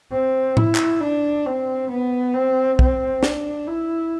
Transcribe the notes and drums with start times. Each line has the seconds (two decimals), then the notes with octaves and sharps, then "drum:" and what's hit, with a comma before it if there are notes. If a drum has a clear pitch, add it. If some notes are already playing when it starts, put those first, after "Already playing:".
0.12 C4
0.57 E4, drum: tom A2
0.75 drum: clap
1.01 D4
1.46 C4
1.90 B3
2.34 C4
2.79 C4, drum: kick
3.23 D4, drum: snare
3.68 E4